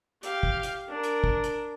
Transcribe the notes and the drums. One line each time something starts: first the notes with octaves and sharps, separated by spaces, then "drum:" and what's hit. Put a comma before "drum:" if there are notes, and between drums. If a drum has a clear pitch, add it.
G4 F5, drum: hi-hat
drum: kick
drum: hi-hat
D4 A#4
drum: hi-hat
drum: kick
drum: hi-hat